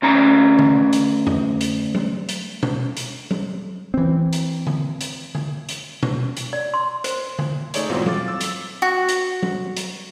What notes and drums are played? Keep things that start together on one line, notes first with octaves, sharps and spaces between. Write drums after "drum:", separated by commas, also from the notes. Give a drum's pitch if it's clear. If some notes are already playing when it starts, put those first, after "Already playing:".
D2 C#4 A#5
drum: tom D3
drum: hi-hat
drum: tom F2
drum: hi-hat
drum: tom F#3
drum: hi-hat
drum: tom B2
drum: hi-hat
drum: tom F#3
E3 C4
drum: hi-hat
drum: tom D3
drum: hi-hat
drum: tom D3
drum: hi-hat
drum: tom B2
drum: hi-hat
D5
C6
C5, drum: hi-hat
drum: tom D3
A3 D#4 G#4 C#5 D5, drum: hi-hat
G#2 B2 E3 C4 F4
F5 D6 A6, drum: tom F#3
E6
drum: hi-hat
F#4
drum: hi-hat
drum: tom F#3
drum: hi-hat